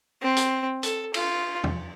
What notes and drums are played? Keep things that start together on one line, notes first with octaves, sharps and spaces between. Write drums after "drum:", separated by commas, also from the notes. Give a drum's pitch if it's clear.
C4
drum: hi-hat
A4, drum: hi-hat
F4, drum: cymbal
drum: tom E2